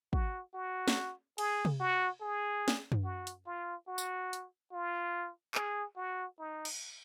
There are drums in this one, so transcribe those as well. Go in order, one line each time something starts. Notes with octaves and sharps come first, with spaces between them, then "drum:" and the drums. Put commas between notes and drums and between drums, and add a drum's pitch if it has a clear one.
F#4, drum: kick
F#4
drum: snare
G#4, drum: cymbal
drum: tom C3
F#4
G#4
drum: snare
drum: tom F#2
F#4
drum: hi-hat
F4
F#4
drum: tambourine
drum: hi-hat
F4
G#4, drum: clap
F#4
D#4
drum: cymbal